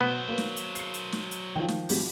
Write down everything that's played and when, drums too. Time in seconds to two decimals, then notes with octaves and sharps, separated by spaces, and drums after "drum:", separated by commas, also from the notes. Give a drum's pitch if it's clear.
0.01 B2 F#3 B3 C5
0.28 A#3 B4
0.38 drum: snare
0.56 drum: hi-hat
0.75 C7 C#7, drum: hi-hat
0.94 drum: hi-hat
1.12 drum: snare
1.31 drum: hi-hat
1.56 D#3 F3 G5
1.68 drum: snare
1.89 C2 F#3 G3, drum: open hi-hat